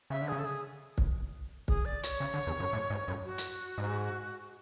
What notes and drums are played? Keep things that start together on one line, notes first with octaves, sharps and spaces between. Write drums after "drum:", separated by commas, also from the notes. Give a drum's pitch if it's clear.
C#3 E5
D3
C#3 G#4
A4
G#4
drum: kick
G#4, drum: kick
D5
C#5, drum: hi-hat
C#3
D3
E2
F#2
A2
G#2
F#2
F#4
drum: hi-hat
G#2